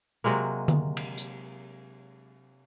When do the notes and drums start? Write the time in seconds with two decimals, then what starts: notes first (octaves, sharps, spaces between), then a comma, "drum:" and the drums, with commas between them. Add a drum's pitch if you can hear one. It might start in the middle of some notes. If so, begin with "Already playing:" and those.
0.24 C3 F#3 G#3 A#3
0.68 drum: tom D3
0.97 drum: cymbal
1.17 drum: hi-hat